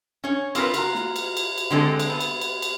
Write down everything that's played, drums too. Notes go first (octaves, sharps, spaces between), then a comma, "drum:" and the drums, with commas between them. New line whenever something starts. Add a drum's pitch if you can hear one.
C#4 C#5
C4 F4 G#4 A#4 B4, drum: cymbal
F4 F#4 A#5, drum: cymbal
drum: snare
drum: cymbal
drum: cymbal
drum: cymbal
D3 G#3 C4 A4
drum: cymbal
B3
drum: cymbal
drum: cymbal
drum: cymbal